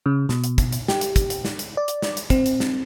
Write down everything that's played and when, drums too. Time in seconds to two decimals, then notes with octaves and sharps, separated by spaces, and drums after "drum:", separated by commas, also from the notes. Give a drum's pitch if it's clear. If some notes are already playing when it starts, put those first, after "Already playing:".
0.06 C#3
0.29 B2, drum: snare
0.44 drum: hi-hat
0.58 drum: kick, hi-hat
0.72 drum: hi-hat
0.88 G4, drum: snare
1.01 drum: hi-hat
1.16 drum: kick, hi-hat
1.30 drum: hi-hat
1.45 drum: snare
1.59 drum: hi-hat
1.77 D5
1.88 drum: hi-hat
2.02 drum: snare
2.17 drum: hi-hat
2.30 C4, drum: kick, hi-hat
2.46 drum: hi-hat
2.60 drum: snare